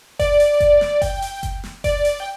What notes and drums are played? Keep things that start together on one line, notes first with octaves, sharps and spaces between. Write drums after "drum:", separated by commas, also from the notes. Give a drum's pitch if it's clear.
D5, drum: kick F#1, open hi-hat
drum: open hi-hat
drum: kick F#1, hi-hat
drum: snare
G5, drum: kick F#1, open hi-hat
drum: open hi-hat
drum: kick F#1, hi-hat
drum: snare
D5, drum: kick F#1, open hi-hat
drum: open hi-hat
G5